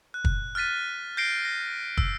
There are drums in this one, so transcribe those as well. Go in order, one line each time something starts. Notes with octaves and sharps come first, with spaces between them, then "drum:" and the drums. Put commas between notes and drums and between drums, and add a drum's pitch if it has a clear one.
F#6
drum: kick
F6 F#6 A6 B6 D#7
G6 A#6 C7 D7 G7
A#6
E6, drum: kick